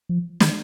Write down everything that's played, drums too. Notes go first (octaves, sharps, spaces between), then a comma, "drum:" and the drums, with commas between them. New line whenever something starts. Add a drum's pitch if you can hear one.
F3
D#3, drum: snare